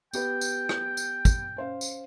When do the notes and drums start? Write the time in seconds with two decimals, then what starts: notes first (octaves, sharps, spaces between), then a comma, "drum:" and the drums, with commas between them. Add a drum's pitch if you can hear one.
0.13 B3 G4 B4 G5, drum: tambourine
0.41 drum: tambourine
0.69 drum: rim click
0.97 drum: tambourine
1.25 drum: kick, tambourine
1.56 C#4 C5 F5
1.81 drum: tambourine